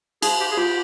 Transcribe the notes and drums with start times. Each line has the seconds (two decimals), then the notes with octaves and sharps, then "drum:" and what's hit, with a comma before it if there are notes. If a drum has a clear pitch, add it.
0.22 D#4 G#4, drum: cymbal
0.40 G4
0.51 G#4
0.57 F4 G4